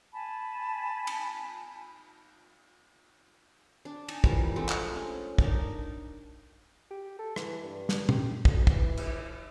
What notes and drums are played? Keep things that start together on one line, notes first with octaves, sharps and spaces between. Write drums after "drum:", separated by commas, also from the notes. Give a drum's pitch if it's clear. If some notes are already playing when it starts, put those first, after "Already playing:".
G#5 A5 B5
drum: cymbal
D4
D#4 G#5 A5, drum: cymbal
E3 F3 G3 A#4, drum: kick
G#3 A3 C4 D4
drum: clap
C#4
D4 D#4 A#4, drum: kick
G4
A4
E3, drum: rim click
G2
drum: snare
G4, drum: tom
D2, drum: kick
E3, drum: kick
drum: cymbal